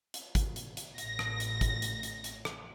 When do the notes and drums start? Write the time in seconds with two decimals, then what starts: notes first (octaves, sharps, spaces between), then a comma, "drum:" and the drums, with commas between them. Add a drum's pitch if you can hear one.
0.14 drum: hi-hat
0.35 drum: kick G#1, hi-hat
0.56 drum: hi-hat
0.77 drum: hi-hat
0.98 A1 A#6, drum: hi-hat
1.19 drum: rim click
1.40 drum: hi-hat
1.61 drum: kick G#1, hi-hat
1.82 drum: hi-hat
2.03 drum: hi-hat
2.24 drum: hi-hat
2.45 drum: rim click